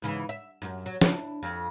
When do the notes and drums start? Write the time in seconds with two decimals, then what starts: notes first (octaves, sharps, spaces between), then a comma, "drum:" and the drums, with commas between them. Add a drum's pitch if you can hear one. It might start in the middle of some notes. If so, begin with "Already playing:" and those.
0.02 G#2 C#3 E3
0.29 E5
0.62 F#2
0.86 F#3
1.01 D4 E4, drum: snare
1.43 F2